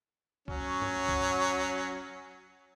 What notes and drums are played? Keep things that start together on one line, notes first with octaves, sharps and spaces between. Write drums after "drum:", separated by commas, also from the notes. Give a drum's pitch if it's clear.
F#3 C#4, drum: kick C#2
drum: tom G2
drum: kick C#2